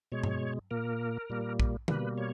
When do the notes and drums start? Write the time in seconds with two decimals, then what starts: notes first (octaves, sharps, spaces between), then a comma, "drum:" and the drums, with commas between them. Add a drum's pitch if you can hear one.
0.12 B2 G#3 C#5
0.23 drum: tom G2
0.71 A#2 A#3 A#4
1.30 A#2 G3 A#3
1.60 drum: kick A#1
1.88 B2 G3 A#3 B4, drum: tom D3
2.18 C#5